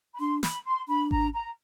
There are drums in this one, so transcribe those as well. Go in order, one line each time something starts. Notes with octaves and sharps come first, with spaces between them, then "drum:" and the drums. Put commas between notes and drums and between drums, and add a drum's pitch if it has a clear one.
B5
D4 C6
B5, drum: snare
C6
D4 B5
A#5, drum: kick G#1
A#5